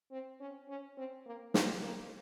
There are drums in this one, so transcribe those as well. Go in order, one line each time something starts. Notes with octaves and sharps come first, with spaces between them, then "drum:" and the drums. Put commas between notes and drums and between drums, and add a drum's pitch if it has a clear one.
C4
C#4
C#4
C4
A#3
A#3, drum: snare
A#3